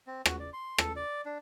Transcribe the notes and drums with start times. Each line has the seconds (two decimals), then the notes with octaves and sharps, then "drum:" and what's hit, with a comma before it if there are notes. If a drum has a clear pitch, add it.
0.07 C4
0.26 F#4, drum: rim click
0.40 D5
0.53 C6
0.78 A4, drum: rim click
0.96 D5
1.26 D4